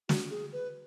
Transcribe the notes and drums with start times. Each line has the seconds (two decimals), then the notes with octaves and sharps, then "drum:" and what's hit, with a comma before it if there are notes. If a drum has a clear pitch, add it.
0.09 F#4, drum: snare
0.30 G#4
0.53 B4